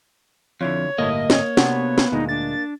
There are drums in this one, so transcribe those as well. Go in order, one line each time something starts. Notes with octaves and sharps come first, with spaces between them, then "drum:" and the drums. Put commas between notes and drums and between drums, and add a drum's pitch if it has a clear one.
F2 D3 E4 F4 C#5
G1 A2 A#3 E4 D#5
C#5, drum: snare
C3 B3 D4 F#4, drum: snare
drum: snare
D2 A#2 G#3 D#4
D4 A6